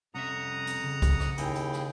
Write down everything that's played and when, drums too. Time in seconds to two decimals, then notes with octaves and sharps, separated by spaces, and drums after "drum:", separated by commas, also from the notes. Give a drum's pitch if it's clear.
0.15 C2 F2 C#4 E5 F#5 A#5 D#6
0.67 drum: hi-hat
0.83 C#3
1.02 drum: kick, hi-hat
1.20 drum: rim click
1.38 D#2 E4 G#4 G5, drum: hi-hat
1.55 drum: hi-hat
1.73 drum: rim click